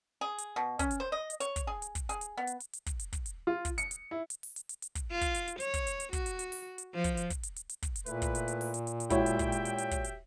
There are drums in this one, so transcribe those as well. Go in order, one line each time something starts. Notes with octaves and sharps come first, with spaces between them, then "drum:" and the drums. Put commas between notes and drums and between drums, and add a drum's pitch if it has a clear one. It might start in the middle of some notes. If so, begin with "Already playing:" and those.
G#4
drum: hi-hat
B2
C#4, drum: kick, hi-hat
drum: hi-hat
C5
D#5
drum: hi-hat
C#5, drum: hi-hat
drum: kick, hi-hat
G#4
drum: hi-hat
drum: kick, hi-hat
G#4, drum: hi-hat
drum: hi-hat
B3
drum: hi-hat
drum: hi-hat
drum: hi-hat
drum: kick, hi-hat
drum: hi-hat
drum: kick, hi-hat
drum: hi-hat
F4
drum: kick, hi-hat
C#7, drum: hi-hat
drum: hi-hat
E4
drum: hi-hat
drum: open hi-hat
drum: hi-hat
drum: hi-hat
drum: hi-hat
drum: kick, hi-hat
F4
drum: kick, hi-hat
drum: hi-hat
drum: hi-hat
C#5, drum: hi-hat
drum: kick, hi-hat
drum: hi-hat
drum: hi-hat
F#4, drum: kick, hi-hat
drum: hi-hat
drum: hi-hat
drum: open hi-hat
drum: hi-hat
F3
drum: kick, hi-hat
drum: hi-hat
drum: kick, hi-hat
drum: hi-hat
drum: hi-hat
drum: hi-hat
drum: kick, hi-hat
drum: hi-hat
A#2 A3 E4 B4, drum: hi-hat
drum: kick, hi-hat
drum: hi-hat
drum: hi-hat
drum: open hi-hat
drum: hi-hat
drum: hi-hat
drum: hi-hat
G#3 E4 F#4 G4 C#5 E5 G5, drum: kick, hi-hat
drum: hi-hat
drum: kick, hi-hat
drum: hi-hat
drum: hi-hat
drum: hi-hat
drum: kick, hi-hat
drum: hi-hat